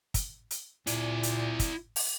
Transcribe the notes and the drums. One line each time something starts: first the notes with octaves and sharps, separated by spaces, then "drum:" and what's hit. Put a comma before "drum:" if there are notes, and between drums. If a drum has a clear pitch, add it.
drum: kick, hi-hat
drum: hi-hat
A#2 E4 D5, drum: hi-hat
drum: hi-hat
drum: kick, hi-hat
drum: open hi-hat